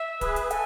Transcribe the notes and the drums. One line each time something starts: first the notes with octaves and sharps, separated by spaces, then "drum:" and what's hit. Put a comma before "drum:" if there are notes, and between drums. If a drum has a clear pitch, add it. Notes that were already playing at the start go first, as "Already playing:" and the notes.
Already playing: E5
G#4 B4, drum: kick D1, hi-hat
drum: hi-hat
A4 G#5, drum: hi-hat